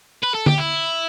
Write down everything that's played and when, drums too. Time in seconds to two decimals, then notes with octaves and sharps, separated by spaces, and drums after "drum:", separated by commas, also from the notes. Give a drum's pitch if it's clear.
0.23 B4
0.35 A4
0.46 G4, drum: tom D3
0.58 E4